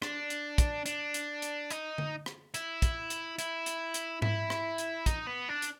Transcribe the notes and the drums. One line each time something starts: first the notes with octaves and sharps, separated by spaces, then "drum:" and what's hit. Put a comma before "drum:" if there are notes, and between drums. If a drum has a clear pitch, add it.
D4, drum: rim click
drum: hi-hat
drum: kick, hi-hat
D4, drum: hi-hat
drum: hi-hat
drum: hi-hat
D#4, drum: hi-hat
drum: tom D3
drum: rim click
E4, drum: hi-hat
drum: kick, hi-hat
drum: hi-hat
E4, drum: hi-hat
drum: hi-hat
drum: hi-hat
E4, drum: tom G#2
drum: rim click
drum: hi-hat
D#4, drum: kick, hi-hat
B3
D4
drum: hi-hat